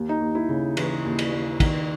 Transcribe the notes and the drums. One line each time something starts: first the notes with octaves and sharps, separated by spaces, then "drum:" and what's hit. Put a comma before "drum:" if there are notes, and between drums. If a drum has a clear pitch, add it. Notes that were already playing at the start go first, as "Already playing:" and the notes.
Already playing: D#2
D#4
D#2
E4
C#3
E3, drum: cymbal
D#2
drum: cymbal
D#2
D#3, drum: kick, cymbal